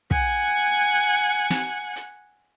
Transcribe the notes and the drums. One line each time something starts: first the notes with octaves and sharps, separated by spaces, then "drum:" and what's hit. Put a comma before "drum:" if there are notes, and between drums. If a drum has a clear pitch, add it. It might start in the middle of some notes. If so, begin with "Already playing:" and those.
F#5 G#5, drum: kick
drum: snare
drum: hi-hat